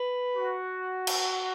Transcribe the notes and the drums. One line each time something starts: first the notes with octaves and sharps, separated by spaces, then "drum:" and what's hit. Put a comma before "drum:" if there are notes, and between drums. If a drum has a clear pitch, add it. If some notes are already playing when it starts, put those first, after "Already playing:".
Already playing: B4
F#4
drum: cymbal